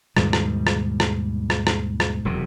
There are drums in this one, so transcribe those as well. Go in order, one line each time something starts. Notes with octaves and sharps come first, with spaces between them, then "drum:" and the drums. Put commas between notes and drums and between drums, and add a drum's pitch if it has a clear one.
D#2 G#2 B2 G3, drum: rim click
drum: rim click
drum: rim click
drum: rim click
drum: rim click
drum: rim click
drum: rim click
E1 D#2 C3 F#3